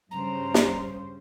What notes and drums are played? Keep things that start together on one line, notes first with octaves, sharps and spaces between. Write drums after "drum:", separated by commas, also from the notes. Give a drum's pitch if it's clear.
G2 C#3 C5 A#5
drum: snare